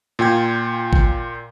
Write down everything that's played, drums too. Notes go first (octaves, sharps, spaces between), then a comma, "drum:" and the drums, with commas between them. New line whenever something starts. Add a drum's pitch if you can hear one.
A#2 F4 G5 G#6
drum: kick G#1